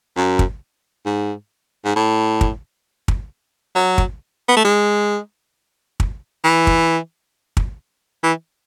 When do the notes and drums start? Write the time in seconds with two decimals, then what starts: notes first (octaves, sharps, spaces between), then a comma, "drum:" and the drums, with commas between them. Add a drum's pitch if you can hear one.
0.17 F#2
0.39 drum: kick
1.06 G#2
1.85 G#2
1.96 A2
2.41 drum: kick
3.08 drum: kick
3.75 F#3
3.98 drum: kick
4.49 B3
4.57 A3
4.65 G#3
6.00 drum: kick
6.44 E3
6.67 drum: kick
7.57 drum: kick
8.23 E3